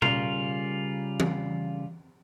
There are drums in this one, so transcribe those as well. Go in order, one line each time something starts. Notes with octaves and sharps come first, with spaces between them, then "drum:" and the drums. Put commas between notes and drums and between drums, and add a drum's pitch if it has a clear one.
C#3 G3 F4 A#4, drum: tom B2
drum: tom E3